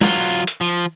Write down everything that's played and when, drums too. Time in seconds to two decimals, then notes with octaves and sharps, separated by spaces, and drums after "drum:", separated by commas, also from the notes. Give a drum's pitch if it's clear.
0.01 F#3 F4, drum: snare
0.47 drum: hi-hat
0.61 F3